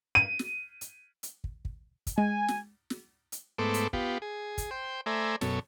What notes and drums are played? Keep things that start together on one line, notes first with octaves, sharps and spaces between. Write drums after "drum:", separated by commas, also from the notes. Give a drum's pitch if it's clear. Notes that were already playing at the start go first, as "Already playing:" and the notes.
D#7
drum: snare
drum: hi-hat
drum: hi-hat
drum: kick
drum: kick
drum: kick, hi-hat
G#3 G#5
drum: snare
drum: snare
drum: hi-hat
G#2 A3 B3 A4 C5 D6
drum: hi-hat
B3 F4 G4, drum: kick
G#4
drum: kick, hi-hat
C5 G5
A3 C5 D5 E5 G#5 A#5
F#2 B2 A4 C#5, drum: snare